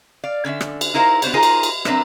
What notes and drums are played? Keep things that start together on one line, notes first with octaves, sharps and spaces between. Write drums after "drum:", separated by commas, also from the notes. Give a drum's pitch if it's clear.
D5 F5
D3 C#4 D4 E5
drum: rim click
drum: cymbal
D#4 E4 A#4 C5 F5
B3 D4 C5 C#5, drum: cymbal
D#4 F4 G#4 A#4 C5
drum: cymbal
drum: cymbal
F#3 C4 D4 A#4 B4 E5, drum: rim click